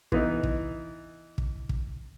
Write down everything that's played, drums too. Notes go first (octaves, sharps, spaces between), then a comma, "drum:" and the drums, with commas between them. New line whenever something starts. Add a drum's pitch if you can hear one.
E3 B3 D#4, drum: kick
drum: kick
drum: kick
drum: kick